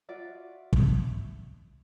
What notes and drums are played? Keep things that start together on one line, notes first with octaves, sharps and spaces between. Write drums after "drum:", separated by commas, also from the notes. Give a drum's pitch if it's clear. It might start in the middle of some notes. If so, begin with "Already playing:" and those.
F4 F#4 D5 E5
drum: kick